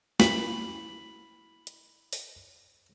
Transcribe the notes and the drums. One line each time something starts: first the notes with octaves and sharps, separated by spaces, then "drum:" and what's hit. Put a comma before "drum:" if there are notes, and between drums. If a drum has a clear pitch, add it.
C#4 E4 A#4 B5 B6, drum: snare
drum: hi-hat
drum: open hi-hat